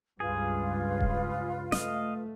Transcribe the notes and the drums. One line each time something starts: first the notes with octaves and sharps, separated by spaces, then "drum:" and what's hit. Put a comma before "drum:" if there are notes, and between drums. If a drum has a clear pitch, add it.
C#2 G2 F4 G#4 B4
drum: kick D#1
A3 D#5 F5, drum: snare